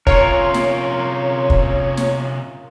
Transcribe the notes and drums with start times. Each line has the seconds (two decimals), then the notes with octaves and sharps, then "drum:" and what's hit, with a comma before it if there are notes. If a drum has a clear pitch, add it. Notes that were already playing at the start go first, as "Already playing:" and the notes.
0.07 C3 C#4 F4 A#4 C#5, drum: kick
0.54 drum: snare
1.50 drum: kick
1.97 drum: snare